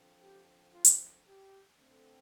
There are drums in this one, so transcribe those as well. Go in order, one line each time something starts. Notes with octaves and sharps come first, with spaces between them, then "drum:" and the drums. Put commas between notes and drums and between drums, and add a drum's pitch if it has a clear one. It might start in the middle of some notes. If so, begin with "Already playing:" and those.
Already playing: D3 F3 C4
G4
F4
drum: hi-hat
G4
D3 A3 C4